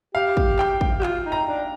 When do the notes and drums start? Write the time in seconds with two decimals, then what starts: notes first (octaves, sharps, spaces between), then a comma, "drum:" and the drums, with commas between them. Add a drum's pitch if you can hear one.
0.15 G4 F5
0.37 drum: kick
0.59 G5, drum: clap
0.81 drum: kick
1.00 G4
1.03 F4, drum: clap
1.25 D#4
1.32 A#5
1.47 D4